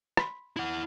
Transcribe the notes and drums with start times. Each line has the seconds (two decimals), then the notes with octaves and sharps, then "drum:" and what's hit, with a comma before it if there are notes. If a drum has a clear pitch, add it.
0.17 B5 C6 B6, drum: rim click
0.56 E4 F#5